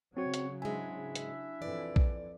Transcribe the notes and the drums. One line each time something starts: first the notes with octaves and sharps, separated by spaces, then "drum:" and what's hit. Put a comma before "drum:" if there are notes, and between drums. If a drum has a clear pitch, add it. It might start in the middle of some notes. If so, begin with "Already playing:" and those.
C#3 F#3 C4 F#4 C#5
drum: hi-hat
G#2 G#3 D4 E4 E5 G#5
drum: hi-hat
F2 E3 D5
drum: kick A#1